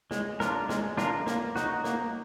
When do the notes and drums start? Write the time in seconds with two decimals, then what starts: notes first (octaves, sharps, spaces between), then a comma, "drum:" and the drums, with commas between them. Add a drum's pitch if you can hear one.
0.11 G#3, drum: snare
0.40 D4 F4 A#4, drum: snare
0.69 G#3, drum: snare
0.97 D4 F4 A#4, drum: snare
1.27 A#3, drum: snare
1.56 D#4 F#4, drum: snare
1.84 A#3, drum: snare